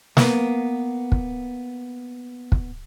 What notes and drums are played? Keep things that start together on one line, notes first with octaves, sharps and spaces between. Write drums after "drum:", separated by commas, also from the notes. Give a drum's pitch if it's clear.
A#3 B3, drum: snare
drum: kick
drum: kick